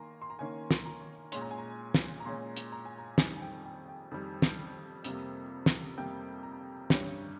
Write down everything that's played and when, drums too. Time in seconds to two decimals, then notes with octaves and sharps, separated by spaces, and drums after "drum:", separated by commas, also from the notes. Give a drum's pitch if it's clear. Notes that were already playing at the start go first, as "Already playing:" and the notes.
Already playing: D#3 A#3 G#5 A#5 C6
0.22 C6
0.30 A#5
0.39 D#3 A#3 C#4 G#5
0.71 drum: snare
0.86 A#5
1.32 A#2 G#3 C#4 C6, drum: hi-hat
1.41 A#5
1.51 G#5
1.58 A#5
1.94 drum: snare
2.20 A#5
2.26 A#2 G#3 C#4 C6
2.56 drum: hi-hat
2.72 A#5
2.86 G#5
2.98 A#5
3.18 F2 D#3 G3 G#5, drum: snare
3.37 G#5
3.41 G5
3.65 G5
3.88 G5
4.11 F2 D#3 G3
4.42 drum: snare
5.04 F2 C3 G3 A#3, drum: hi-hat
5.66 drum: snare
5.97 F2 C3 G3 A#3 G5
6.43 A#5
6.90 G2 G3 C#4, drum: snare